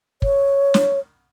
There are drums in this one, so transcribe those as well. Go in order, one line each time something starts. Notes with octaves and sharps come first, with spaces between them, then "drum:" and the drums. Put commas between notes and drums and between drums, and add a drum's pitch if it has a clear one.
C#5, drum: kick
drum: snare